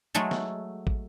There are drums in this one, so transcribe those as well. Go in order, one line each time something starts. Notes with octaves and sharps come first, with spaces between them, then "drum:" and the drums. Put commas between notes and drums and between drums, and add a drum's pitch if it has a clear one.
F#3 G#3 A3 A4
drum: snare
drum: kick